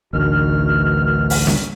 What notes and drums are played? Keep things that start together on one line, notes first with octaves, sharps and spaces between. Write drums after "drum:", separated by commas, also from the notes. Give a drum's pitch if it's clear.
A1 D2 D#3 F#4 F6
drum: open hi-hat
drum: snare